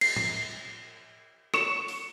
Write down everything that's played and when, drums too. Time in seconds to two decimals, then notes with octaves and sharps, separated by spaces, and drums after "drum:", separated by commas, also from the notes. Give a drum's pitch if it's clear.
0.01 C7, drum: cymbal
0.16 drum: tom
1.54 C#6 C#7 E7, drum: rim click
1.88 drum: open hi-hat